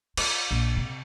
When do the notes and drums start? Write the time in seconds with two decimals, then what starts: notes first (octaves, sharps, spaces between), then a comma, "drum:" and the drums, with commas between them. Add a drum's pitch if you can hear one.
0.17 F4, drum: cymbal
0.51 A#1
0.77 C3